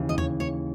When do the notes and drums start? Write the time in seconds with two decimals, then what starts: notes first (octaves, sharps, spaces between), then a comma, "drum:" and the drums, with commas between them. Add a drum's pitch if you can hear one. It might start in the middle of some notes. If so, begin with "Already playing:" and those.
Already playing: D#2 C#3 E3
0.09 D#5
0.18 C#5, drum: tom E2
0.40 C#5